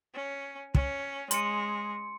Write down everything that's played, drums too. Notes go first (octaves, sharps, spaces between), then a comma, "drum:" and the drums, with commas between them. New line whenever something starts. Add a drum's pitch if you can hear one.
C#4
C#4, drum: kick
G#3 C6 C#7, drum: hi-hat